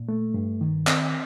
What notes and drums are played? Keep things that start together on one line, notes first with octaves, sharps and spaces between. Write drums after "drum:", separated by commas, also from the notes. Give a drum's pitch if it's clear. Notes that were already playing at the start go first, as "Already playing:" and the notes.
Already playing: A#2
A3
G2
D#3
C4, drum: clap